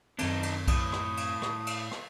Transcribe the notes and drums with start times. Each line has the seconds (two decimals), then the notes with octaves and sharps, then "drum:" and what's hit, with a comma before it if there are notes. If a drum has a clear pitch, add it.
0.19 F#2 D#3 C4 D4 D#4, drum: cymbal
0.43 drum: cymbal
0.68 A2 D#6, drum: kick B1, cymbal
0.92 drum: rim click
1.17 drum: cymbal
1.42 drum: rim click
1.67 drum: cymbal
1.91 drum: rim click